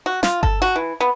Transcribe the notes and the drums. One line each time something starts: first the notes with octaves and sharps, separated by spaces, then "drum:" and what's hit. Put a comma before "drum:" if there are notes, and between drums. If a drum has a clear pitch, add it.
F#4
F4, drum: snare
A4, drum: kick G1
F#4
E3
B3